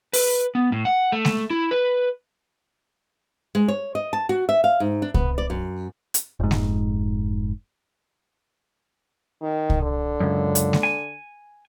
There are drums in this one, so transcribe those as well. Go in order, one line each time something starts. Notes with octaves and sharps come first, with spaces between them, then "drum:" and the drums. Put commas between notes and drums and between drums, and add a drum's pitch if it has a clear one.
B4, drum: open hi-hat
B3
A2
F#5
A3
drum: snare G#3
E4
B4
G#3
C#5
D#5
A5
F#4
E5
F5
G#2
D4
B3, drum: kick C2
D5
F#2
drum: hi-hat
F1 G#2
drum: snare G#3
D#3
drum: kick C2
D3
C#2 F#2
drum: hi-hat
drum: snare G#3
G#5